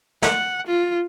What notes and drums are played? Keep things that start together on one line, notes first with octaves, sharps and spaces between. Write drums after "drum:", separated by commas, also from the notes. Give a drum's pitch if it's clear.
F#5, drum: snare
F4